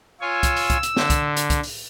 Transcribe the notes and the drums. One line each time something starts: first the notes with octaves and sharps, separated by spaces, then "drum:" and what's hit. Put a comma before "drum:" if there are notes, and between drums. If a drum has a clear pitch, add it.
F4 C#5 G#5 E6
drum: kick, hi-hat
drum: open hi-hat
drum: kick, hi-hat
drum: hi-hat
D3, drum: snare
drum: kick, hi-hat
drum: hi-hat
drum: kick, hi-hat
drum: open hi-hat